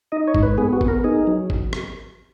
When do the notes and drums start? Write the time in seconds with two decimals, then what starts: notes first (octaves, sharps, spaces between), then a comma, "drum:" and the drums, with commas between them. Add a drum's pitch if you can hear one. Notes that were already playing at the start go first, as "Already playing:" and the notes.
0.12 D#4 D#5
0.28 C#5
0.35 G#2, drum: kick G#1
0.43 B4
0.58 B3 G#4
0.73 F#4
0.81 B3, drum: kick G#1
0.88 A#4
1.04 D#4 G#4
1.27 F#3
1.50 drum: kick G#1
1.73 drum: rim click